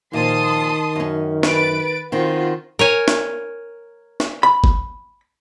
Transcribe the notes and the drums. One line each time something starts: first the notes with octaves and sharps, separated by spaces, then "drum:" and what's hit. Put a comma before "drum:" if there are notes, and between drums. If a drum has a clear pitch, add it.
A#2 D#3 F3 A5 C6 D#6
F#2 C#4
B4 A6 D7, drum: snare
D#3 C4 F4 F#4
A#4 C#5 G#5
drum: snare
drum: snare
B5
drum: kick G1